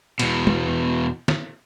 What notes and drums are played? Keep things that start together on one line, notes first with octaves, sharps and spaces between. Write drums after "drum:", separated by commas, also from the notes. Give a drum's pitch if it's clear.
E2 B2, drum: cymbal
drum: tom
drum: snare